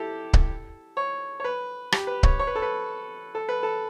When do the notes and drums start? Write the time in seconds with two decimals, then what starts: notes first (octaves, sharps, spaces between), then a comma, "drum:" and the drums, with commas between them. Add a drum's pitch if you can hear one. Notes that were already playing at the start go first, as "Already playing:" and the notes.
Already playing: E4 G4 A4
0.33 drum: kick C#1
0.97 C#5
1.40 C#5
1.44 B4
1.92 G4, drum: rim click
2.07 B4
2.23 C#5, drum: kick C#1
2.39 C#5
2.47 B4
2.55 A4
2.62 B4
3.35 A4
3.49 B4
3.63 A4